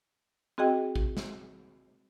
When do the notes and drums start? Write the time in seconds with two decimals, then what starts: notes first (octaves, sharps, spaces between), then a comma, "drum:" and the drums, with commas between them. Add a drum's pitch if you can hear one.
0.58 C4 F#4 G#4 D#5 G5
0.96 drum: kick A1
1.17 drum: snare